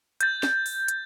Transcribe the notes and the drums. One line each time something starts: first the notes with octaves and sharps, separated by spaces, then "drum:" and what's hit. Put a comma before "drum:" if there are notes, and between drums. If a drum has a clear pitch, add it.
G6 A6, drum: hi-hat
drum: snare
drum: open hi-hat
drum: hi-hat